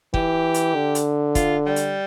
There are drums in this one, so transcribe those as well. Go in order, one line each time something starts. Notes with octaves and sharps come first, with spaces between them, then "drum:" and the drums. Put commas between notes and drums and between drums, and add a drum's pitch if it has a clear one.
E3 G4, drum: kick
drum: hi-hat
D3
drum: hi-hat
F4, drum: kick, hi-hat
G3
drum: hi-hat